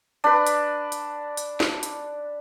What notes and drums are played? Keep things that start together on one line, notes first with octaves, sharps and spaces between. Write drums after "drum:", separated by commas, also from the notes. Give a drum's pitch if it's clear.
D4 B4
drum: hi-hat
drum: hi-hat
drum: hi-hat
drum: snare
drum: hi-hat